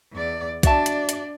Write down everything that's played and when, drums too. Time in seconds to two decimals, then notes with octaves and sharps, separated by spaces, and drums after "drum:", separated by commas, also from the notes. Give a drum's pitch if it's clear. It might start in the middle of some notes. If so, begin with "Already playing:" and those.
0.13 E2 D5
0.63 D4 F#4 D5 E5 A5, drum: kick, hi-hat
0.86 drum: hi-hat
1.09 drum: hi-hat